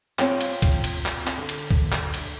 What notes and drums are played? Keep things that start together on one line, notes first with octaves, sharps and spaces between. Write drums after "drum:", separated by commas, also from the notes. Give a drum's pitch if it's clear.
C4 F4 C#5 G5, drum: clap
drum: cymbal
drum: kick C#2, cymbal
drum: cymbal
drum: clap
drum: clap
D3
drum: cymbal
drum: kick C#2
drum: clap
drum: cymbal